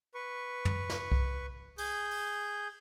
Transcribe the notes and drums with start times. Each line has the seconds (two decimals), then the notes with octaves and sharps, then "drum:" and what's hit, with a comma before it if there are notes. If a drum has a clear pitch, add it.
0.14 B4 C#6
0.65 drum: tom
0.90 drum: snare
1.12 drum: kick C2
1.78 G#4 G6, drum: open hi-hat
2.11 drum: open hi-hat